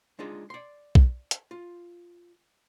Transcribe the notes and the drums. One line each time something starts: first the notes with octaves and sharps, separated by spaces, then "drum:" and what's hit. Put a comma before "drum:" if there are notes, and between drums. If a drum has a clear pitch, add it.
G#3 D4 D#4 F4 G#4
D5 C6
drum: kick
drum: hi-hat
F4